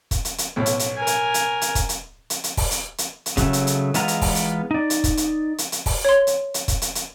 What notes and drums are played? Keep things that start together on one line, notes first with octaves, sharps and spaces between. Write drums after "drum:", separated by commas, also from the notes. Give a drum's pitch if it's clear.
drum: kick, hi-hat
drum: hi-hat
drum: hi-hat
B1 A2
drum: hi-hat
drum: hi-hat
A#4 G#5
drum: hi-hat
drum: hi-hat
drum: hi-hat
drum: kick, hi-hat
drum: hi-hat
drum: hi-hat
drum: hi-hat
drum: kick, open hi-hat
drum: hi-hat
drum: hi-hat
drum: hi-hat
C#3 F#3 A3, drum: kick, hi-hat
drum: hi-hat
drum: hi-hat
E3 G#3 B3 F4 A#5, drum: hi-hat
drum: hi-hat
drum: kick, open hi-hat
drum: hi-hat
D#4 D5
drum: hi-hat
drum: kick, hi-hat
drum: hi-hat
drum: hi-hat
drum: hi-hat
drum: kick, open hi-hat
C#5 C6
drum: hi-hat
drum: hi-hat
drum: kick, hi-hat
drum: hi-hat
drum: hi-hat